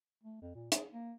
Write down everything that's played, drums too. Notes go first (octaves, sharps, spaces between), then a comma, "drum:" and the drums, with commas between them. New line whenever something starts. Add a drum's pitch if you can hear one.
A3
F2
A#2
G#4, drum: hi-hat
A#3